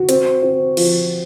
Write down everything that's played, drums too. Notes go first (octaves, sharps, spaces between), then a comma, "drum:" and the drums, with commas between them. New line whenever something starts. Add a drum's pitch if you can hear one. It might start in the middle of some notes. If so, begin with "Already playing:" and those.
Already playing: F#4
C4, drum: hi-hat
C4
F3, drum: cymbal